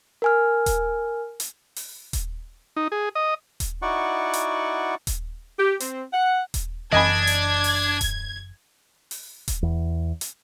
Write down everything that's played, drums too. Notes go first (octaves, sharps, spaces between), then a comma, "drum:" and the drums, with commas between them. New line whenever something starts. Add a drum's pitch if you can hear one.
A#4 G#5 F6
drum: kick D#1, hi-hat
drum: hi-hat
drum: open hi-hat
drum: kick D#1, hi-hat
D#4
G#4
D#5
drum: kick D#1, hi-hat
D#4 E4 F#4 D5 F#5 C#6
drum: hi-hat
drum: kick D#1, hi-hat
G4
C4, drum: hi-hat
F#5
drum: kick D#1, hi-hat
F#1 F#2 E3 D4 D#5 G#5 B5 G#6
drum: hi-hat
drum: open hi-hat
drum: kick D#1, hi-hat
drum: open hi-hat
drum: kick D#1, hi-hat
E2
drum: hi-hat